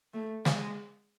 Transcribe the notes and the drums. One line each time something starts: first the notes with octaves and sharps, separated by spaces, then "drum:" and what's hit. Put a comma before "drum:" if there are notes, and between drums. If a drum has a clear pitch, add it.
A3
G#3, drum: snare